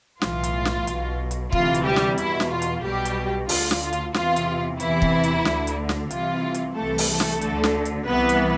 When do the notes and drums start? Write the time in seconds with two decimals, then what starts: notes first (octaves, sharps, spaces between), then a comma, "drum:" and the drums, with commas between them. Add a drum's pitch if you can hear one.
0.22 B1 A2 E3 F4, drum: snare
0.44 drum: hi-hat
0.65 drum: snare
0.87 B1 B2, drum: hi-hat
1.31 drum: hi-hat
1.52 D2 C3 E3 F4, drum: kick
1.74 drum: hi-hat
1.85 G3 G4
1.96 drum: snare
2.18 E2 B2 E4, drum: hi-hat
2.40 drum: snare
2.51 F4
2.62 drum: hi-hat
2.84 B1 B2 G3 G4
3.05 drum: hi-hat
3.49 D2 D3 F4, drum: open hi-hat
3.71 drum: snare
3.82 F4
3.93 drum: hi-hat
4.14 E2 C3 E3 F4, drum: snare
4.36 drum: hi-hat
4.80 E2 C3 E3 E4, drum: hi-hat
5.02 drum: kick
5.24 drum: hi-hat
5.45 D2 D3, drum: snare
5.67 drum: hi-hat
5.89 drum: snare
6.11 C2 C3 E3 F4, drum: hi-hat
6.54 drum: hi-hat
6.76 C2 C3 E3 A3 A4
6.98 drum: open hi-hat
7.09 A3 A4
7.20 drum: snare
7.41 D2 D3, drum: hi-hat
7.64 drum: snare
7.85 drum: hi-hat
8.07 C2 C3 E3 B3 B4
8.29 drum: hi-hat